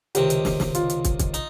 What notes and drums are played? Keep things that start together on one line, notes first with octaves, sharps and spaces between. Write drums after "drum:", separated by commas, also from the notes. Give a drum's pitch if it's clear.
C#2 C3 D#3 G4, drum: hi-hat
drum: hi-hat
drum: snare
drum: snare
F4, drum: hi-hat
drum: hi-hat
drum: kick, hi-hat
drum: kick, hi-hat
D#4, drum: hi-hat